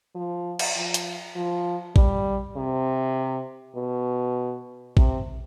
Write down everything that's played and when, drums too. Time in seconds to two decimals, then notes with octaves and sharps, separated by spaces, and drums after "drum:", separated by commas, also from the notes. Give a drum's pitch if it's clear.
0.15 F3
0.59 drum: cymbal
0.76 F3
0.94 drum: hi-hat
1.36 F3
1.96 G3, drum: kick A1
2.56 C3
3.76 B2
4.97 C3, drum: kick A1